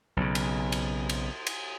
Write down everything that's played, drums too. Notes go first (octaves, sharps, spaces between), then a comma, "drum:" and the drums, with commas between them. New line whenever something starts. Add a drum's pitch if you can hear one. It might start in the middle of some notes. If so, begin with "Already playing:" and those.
B1 C#3
drum: cymbal
drum: cymbal
drum: cymbal
drum: cymbal